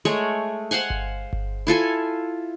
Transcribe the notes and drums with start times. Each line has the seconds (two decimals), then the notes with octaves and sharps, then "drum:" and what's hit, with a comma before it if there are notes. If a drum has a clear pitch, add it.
0.05 G#3 A3 C#5
0.71 C5 F5 F#5 G#5
0.90 drum: kick G1
1.33 drum: kick G1
1.67 E4 F4 A4 G#5